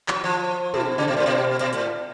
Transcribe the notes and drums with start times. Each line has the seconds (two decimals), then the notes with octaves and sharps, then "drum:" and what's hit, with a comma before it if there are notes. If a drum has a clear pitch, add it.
0.08 F#3, drum: clap
0.24 F3
0.74 B2, drum: tom
0.98 C#3
1.08 B2
1.17 A2
1.26 B2
1.61 B2
1.73 A2, drum: hi-hat